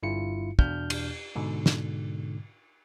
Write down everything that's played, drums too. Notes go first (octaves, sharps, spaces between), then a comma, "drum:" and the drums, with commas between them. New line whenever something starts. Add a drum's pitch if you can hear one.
G1 G2 E4 F4 C#7
E2 B2 D4 F6 G6, drum: kick
drum: cymbal
G#2 B2 D3
drum: snare